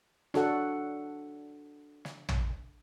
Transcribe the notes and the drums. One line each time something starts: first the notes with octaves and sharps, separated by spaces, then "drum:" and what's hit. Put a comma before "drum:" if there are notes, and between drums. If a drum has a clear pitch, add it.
D4 F#4 A4 F#5, drum: snare
drum: snare
drum: tom